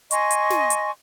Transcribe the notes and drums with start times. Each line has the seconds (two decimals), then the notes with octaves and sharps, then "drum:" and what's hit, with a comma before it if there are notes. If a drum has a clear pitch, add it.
0.11 D#5 G#5 C6 C#6, drum: hi-hat
0.31 drum: hi-hat
0.50 drum: snare
0.70 drum: hi-hat